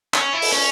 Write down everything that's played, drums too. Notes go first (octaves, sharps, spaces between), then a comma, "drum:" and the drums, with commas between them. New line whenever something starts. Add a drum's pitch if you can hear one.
C#4, drum: clap
E4
drum: open hi-hat
C#4